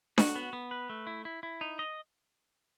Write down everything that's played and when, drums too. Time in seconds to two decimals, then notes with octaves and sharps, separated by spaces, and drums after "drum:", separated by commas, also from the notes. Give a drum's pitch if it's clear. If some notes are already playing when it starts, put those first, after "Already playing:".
0.18 F#4, drum: snare D4
0.36 B3
0.53 B3
0.71 B4
0.90 A3
1.07 E4
1.25 E4
1.43 E4
1.61 D#4
1.79 D#5